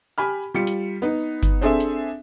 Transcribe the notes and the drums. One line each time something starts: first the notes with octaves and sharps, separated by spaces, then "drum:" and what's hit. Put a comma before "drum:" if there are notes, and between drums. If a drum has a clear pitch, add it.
G4 G#5 B5 F6
G3 F4 C#7
drum: hi-hat
B3 D#4
drum: kick G1, hi-hat
C4 D4 G#4 A4 C5 E5
drum: hi-hat